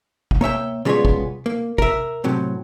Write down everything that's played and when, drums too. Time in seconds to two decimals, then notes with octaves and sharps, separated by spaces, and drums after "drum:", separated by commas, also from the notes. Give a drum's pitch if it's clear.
0.31 drum: kick
0.41 A#3 C#5 E5 G5
0.85 C#3 G3 G#3 B3 F4 C#5
1.05 drum: kick
1.46 A#3
1.78 A#4 E5, drum: kick
2.24 A2 C3 F#3